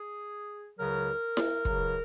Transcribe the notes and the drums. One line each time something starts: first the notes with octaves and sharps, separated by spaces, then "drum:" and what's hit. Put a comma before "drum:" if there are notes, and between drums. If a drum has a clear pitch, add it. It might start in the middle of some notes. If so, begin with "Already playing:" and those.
Already playing: G#4
C#2 C#3 F#3 A#4
drum: snare E4
C#2 C#3 F#3, drum: kick